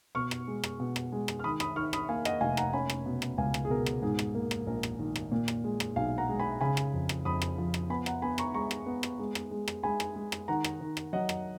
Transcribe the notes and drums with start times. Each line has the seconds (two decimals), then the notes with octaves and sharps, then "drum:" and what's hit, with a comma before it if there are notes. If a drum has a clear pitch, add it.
0.15 B2 C#6 F6
0.31 drum: rim click
0.48 G#3
0.64 drum: rim click
0.80 B2
0.96 drum: rim click
1.12 G#3
1.28 drum: rim click
1.39 F6
1.44 D#3 B5 D#6
1.60 B5 D#6, drum: rim click
1.76 D#3 C#6 F6
1.93 B5 D#6, drum: rim click
2.09 A#3 F5 G#5
2.25 D#5 F#5, drum: rim click
2.41 F1 F5 G#5
2.57 F#5 A#5, drum: rim click
2.73 C#4 G#5 B5
2.90 drum: rim click
3.06 B2
3.22 drum: rim click
3.38 C#2 F5 G#5
3.54 drum: rim click
3.65 G#4
3.70 B2 A#4
3.86 drum: rim click
4.03 G#2 G#4
4.19 drum: rim click
4.35 A#3
4.51 drum: rim click
4.67 A#1 A#4
4.83 drum: rim click
4.99 D#3
5.16 drum: rim click
5.32 A#2
5.48 drum: rim click
5.64 G#3
5.80 drum: rim click
5.96 B1 F5 G#5
6.18 F#5 A#5
6.29 G#3
6.40 G#5 B5
6.61 C#3 G#5 B5
6.77 drum: rim click
6.93 F2
7.09 drum: rim click
7.25 F2 B5 D#6
7.42 drum: rim click
7.58 F3
7.74 drum: rim click
7.90 B3 G#5 B5
8.06 F#5 A#5, drum: rim click
8.22 B3 G#5 B5
8.38 A#5 C#6, drum: rim click
8.54 G#3 A#5 C#6
8.71 drum: rim click
8.86 B3
9.03 drum: rim click
9.19 G#3
9.35 drum: rim click
9.51 G#3
9.68 drum: rim click
9.83 G#3 G#5 B5
10.00 drum: rim click
10.16 G#3
10.32 drum: rim click
10.48 D#3 F#5 A#5
10.64 drum: rim click
10.81 D#3
10.97 drum: rim click
11.13 F#3 D#5 F#5
11.29 drum: rim click